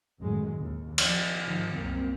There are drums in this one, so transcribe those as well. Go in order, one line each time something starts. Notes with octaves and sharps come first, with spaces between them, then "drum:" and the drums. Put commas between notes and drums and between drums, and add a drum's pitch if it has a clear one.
A1 F#2 C3 D#3 G#3
D#2
F3, drum: cymbal
G#2 D#3 F3
C2 F#2 A#3 C4